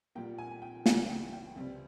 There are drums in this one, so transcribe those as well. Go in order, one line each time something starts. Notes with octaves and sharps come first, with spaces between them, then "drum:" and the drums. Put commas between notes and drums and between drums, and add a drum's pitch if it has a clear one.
A#2 G3 A#3 G5
G#5
G5
C#2 C#3 E3 G3 G#5, drum: snare
G5
G5
C#2 C3 G3